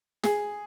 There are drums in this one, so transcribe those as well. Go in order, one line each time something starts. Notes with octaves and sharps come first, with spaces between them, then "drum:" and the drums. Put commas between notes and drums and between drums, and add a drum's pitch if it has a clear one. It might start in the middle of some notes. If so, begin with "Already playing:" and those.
G#4, drum: snare